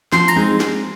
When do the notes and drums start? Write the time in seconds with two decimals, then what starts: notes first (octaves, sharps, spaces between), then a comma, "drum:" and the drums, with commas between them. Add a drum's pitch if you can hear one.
0.12 F3 C6, drum: snare
0.28 A#5, drum: hi-hat
0.36 G#3 C4 D#4 G#4
0.60 drum: snare